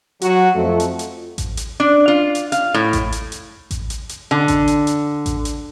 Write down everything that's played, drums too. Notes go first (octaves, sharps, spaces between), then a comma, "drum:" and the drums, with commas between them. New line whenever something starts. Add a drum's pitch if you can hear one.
F#3 F#4, drum: hi-hat
F2 F3 A3
drum: hi-hat
drum: hi-hat
drum: kick A1, hi-hat
drum: hi-hat
D4
F4
drum: hi-hat
F5, drum: hi-hat
A2
drum: kick A1, hi-hat
drum: hi-hat
drum: hi-hat
drum: kick A1, hi-hat
drum: hi-hat
drum: hi-hat
D3
drum: kick A1, hi-hat
drum: hi-hat
drum: hi-hat
drum: kick A1, hi-hat
drum: hi-hat